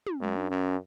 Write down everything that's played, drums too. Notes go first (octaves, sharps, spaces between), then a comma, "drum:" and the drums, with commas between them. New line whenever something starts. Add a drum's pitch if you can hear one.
drum: tom
F#2 G#3
D4
F#2 C#4